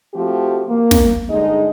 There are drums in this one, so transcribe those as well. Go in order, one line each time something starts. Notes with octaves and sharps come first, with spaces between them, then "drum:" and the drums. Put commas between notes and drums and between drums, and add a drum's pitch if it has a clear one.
F3 A3 C4 F#4 G4
A#3
drum: snare
G2 D3 G#3 D#4 G#4 D#5